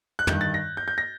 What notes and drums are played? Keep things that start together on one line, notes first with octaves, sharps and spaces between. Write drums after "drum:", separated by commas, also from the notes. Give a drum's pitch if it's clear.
F#6
G2 D#3 G6, drum: tom
A6
A#6
G6
G6
A#6